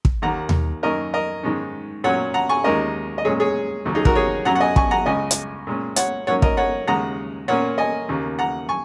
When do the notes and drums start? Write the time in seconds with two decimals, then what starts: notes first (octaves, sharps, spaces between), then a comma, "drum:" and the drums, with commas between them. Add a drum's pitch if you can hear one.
0.05 drum: kick
0.22 D#2 D#3 A#3 F#5 A#5
0.49 drum: tom D#2
0.83 F#2 D#3 A#3 C#4 A#4 D#5
1.14 A#4 D#5
1.43 G#2 D#3 G#3 C#4
2.04 A#2 F#3 C#4 C#5 F#5
2.34 F#5 A#5
2.49 G#5 C#6
2.64 D#2 D#3 G#3 C#4 A#4 D#5
3.18 D#5
3.25 A#2 G#3 C#4 G#4 C#5
3.40 G#4 C#5
3.85 D#2 C#3 F#3 C#4
3.95 D#4 G#4
4.05 F#4 A#4, drum: kick
4.15 G#4 C#5
4.45 F#2 F#3 C#4 F#5 A#5
4.55 F#5
4.61 D#5 G#5
4.76 G#5 C#6, drum: kick
4.91 F#5 A#5
5.06 C#2 C#3 G#3 C#4 D#5 G#5
5.31 drum: hi-hat
5.67 A#2 G#3 C#4
5.96 C#5 F#5, drum: hi-hat
6.27 G#2 F#3 A#3 C#4 C#5 F#5
6.42 A#4 D#5, drum: kick
6.57 C#5 F#5
6.87 D#2 C#3 G#3 F#5 A#5
7.48 A#2 A#3 C#4 C#5 F#5
7.78 D#5 G#5
8.09 D#2 C#3 A#3
8.39 F#5 A#5
8.69 G#5 C#6